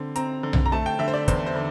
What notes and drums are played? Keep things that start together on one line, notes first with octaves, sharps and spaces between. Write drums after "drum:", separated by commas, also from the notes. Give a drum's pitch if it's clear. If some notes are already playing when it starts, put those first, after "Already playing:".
Already playing: D3 C4
C4 A#5, drum: hi-hat
D3
drum: tom B1
A#5
A3 A5
G5
D3 E5
C5
D5
E2 C5, drum: kick, hi-hat
C5
D3